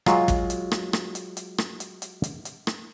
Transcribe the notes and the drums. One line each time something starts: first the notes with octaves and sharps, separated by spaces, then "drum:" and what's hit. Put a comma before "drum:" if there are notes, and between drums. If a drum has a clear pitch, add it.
F#3 G#3 F4, drum: rim click
drum: kick, hi-hat
drum: hi-hat
drum: rim click
drum: rim click
drum: hi-hat
drum: hi-hat
drum: rim click
drum: hi-hat
drum: hi-hat
drum: hi-hat
drum: hi-hat
drum: rim click